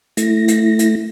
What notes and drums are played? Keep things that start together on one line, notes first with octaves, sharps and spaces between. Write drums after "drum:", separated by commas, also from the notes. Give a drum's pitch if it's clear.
A3 E4 A#6, drum: hi-hat
drum: hi-hat
drum: hi-hat